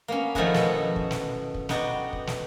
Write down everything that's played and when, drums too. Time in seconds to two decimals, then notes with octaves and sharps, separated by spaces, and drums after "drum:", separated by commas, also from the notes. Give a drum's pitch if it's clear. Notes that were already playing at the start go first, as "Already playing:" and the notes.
0.08 A#3 B3 C#4
0.35 D#3 F3 A3 E4 F#4 G#4, drum: kick
0.54 B2 B3 A4, drum: snare
0.96 drum: kick
1.11 drum: snare
1.54 drum: kick
1.69 B3 D#4 F#4 D5 G5, drum: snare
2.13 drum: kick
2.27 drum: snare